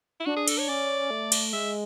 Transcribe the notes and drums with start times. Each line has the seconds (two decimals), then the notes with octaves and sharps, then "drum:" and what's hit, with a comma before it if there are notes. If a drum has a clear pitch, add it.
0.20 E4
0.26 D4 F#4
0.37 G#4
0.48 A4, drum: cymbal
0.58 C#5
0.68 C#4 D5
1.10 A3
1.32 drum: cymbal
1.53 G#3 E5